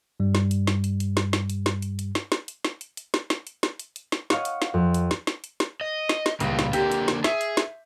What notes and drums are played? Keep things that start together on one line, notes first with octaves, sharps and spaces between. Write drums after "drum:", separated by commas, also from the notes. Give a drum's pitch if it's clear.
G2 G3
drum: snare
drum: hi-hat
drum: snare
drum: hi-hat
drum: hi-hat
drum: snare
drum: snare
drum: hi-hat
drum: snare
drum: hi-hat
drum: hi-hat
drum: snare
drum: snare
drum: hi-hat
drum: snare
drum: hi-hat
drum: hi-hat
drum: snare
drum: snare
drum: hi-hat
drum: snare
drum: hi-hat
drum: hi-hat
drum: snare
C#5 D#5 F5 F#5 C#6, drum: snare
drum: hi-hat
drum: snare
F2
drum: hi-hat
drum: snare
drum: snare
drum: hi-hat
drum: snare
D#5
drum: snare
drum: snare
C#2 A#2 C#3 G3, drum: hi-hat
drum: snare
D3 A#3 G4, drum: hi-hat
drum: hi-hat
drum: snare
G#4 E5, drum: snare
drum: hi-hat
drum: snare